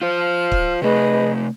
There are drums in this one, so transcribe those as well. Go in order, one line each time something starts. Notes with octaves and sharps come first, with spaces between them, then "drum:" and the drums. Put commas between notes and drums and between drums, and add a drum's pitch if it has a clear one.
F4 C5 F6
drum: kick C#1
C3 A3 G#4 B4 D#5